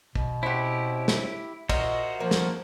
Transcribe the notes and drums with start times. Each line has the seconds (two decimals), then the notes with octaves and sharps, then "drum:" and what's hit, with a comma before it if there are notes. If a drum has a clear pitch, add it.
0.15 B2, drum: kick
0.43 C4 C#4 E4 G4 F#5
1.08 drum: snare
1.69 A#2 F#4 A#4 C5 D#5 E5, drum: kick, cymbal
2.20 F3 A#3
2.31 drum: snare